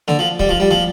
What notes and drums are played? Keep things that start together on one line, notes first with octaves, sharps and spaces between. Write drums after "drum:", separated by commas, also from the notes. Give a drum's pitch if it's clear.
D3, drum: snare
F3
G3, drum: kick
F3
G3
F3, drum: snare